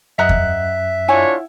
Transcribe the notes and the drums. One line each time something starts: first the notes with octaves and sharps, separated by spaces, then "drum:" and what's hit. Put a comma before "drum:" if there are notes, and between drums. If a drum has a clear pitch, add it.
F#2 D#5 E5 F#5 A#5 F#6
drum: kick E2
D4 E4 F4 C#5 F#5 G#5